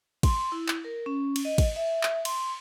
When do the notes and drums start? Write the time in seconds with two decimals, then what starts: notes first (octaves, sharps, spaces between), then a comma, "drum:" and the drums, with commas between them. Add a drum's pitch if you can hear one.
0.23 C6, drum: kick, cymbal
0.52 E4
0.68 drum: clap
0.85 A#4
1.06 C#4
1.36 drum: cymbal
1.45 D#5
1.58 drum: kick, cymbal
1.76 E5
2.03 drum: clap
2.25 C6, drum: cymbal